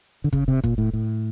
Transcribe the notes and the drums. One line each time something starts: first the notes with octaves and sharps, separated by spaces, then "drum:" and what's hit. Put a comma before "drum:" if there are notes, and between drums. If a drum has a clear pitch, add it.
D3
C#3, drum: kick
C3
A#2, drum: kick
A2
A2